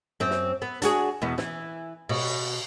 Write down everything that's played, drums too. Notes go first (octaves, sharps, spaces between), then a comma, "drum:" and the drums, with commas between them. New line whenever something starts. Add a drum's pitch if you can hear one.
F#2 C4
drum: snare
B3
D4 F#4 G#4, drum: hi-hat
E2 B2 B3
E3, drum: snare
B2, drum: cymbal